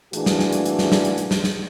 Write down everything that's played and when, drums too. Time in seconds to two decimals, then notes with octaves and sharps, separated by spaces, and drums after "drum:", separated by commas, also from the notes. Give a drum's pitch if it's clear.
0.13 A#2 E3 A3 D4 F#4 G#4, drum: hi-hat
0.26 drum: snare
0.39 drum: snare
0.52 drum: hi-hat
0.66 drum: hi-hat
0.79 drum: snare
0.92 drum: snare
1.05 drum: hi-hat
1.18 drum: hi-hat
1.31 drum: snare
1.44 drum: snare